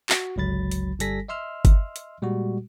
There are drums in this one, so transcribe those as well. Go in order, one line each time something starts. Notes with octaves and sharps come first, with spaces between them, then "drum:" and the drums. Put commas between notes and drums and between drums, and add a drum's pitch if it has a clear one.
F#4, drum: clap
G1 C#2 F#3 B5 A6
drum: hi-hat
G1 G3 A4 G#5 A#6 B6, drum: hi-hat
D#5 E5 C6 E6 F6
drum: kick G1, hi-hat
drum: hi-hat
A#2 G3 G#3 F#4